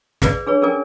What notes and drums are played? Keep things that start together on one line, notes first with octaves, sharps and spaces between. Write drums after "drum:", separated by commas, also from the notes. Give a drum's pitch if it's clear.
G#4 B4 D5, drum: snare
D4 G#4 B4 C#5
C#4 G#4 A#4 D5 G#5